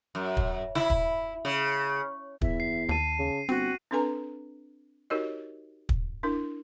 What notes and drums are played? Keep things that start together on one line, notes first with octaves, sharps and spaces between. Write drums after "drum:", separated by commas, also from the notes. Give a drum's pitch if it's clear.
F#2
drum: kick
E4, drum: snare
drum: kick
C#3
E2 E5, drum: kick
C7
D#2 A5 C7 D#7
C#3
G1 C4 F#4
C4 D4 A4 B4 G#5 A#5
D#4 F#4 G4 A#4 C#5 D#5
drum: kick
D4 E4 A#4